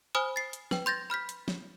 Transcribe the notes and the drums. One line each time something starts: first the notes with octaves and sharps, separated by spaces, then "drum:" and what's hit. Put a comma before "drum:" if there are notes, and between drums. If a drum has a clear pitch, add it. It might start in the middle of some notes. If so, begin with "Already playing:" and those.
C5 G#5 B5 D#6 F6
A6 C7
drum: hi-hat
B4 G5, drum: snare
C6 G6 A6 A#6
B5 F6 G6 B6
drum: hi-hat
drum: snare